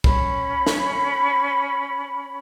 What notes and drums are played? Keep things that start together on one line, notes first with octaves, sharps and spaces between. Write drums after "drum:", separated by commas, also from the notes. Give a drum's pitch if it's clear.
C#4 B5, drum: kick
drum: snare